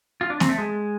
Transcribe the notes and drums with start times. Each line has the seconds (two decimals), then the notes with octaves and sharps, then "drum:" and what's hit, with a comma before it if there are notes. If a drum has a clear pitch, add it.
0.21 F4
0.30 D4
0.40 C4, drum: snare A#3
0.49 A3
0.58 G#3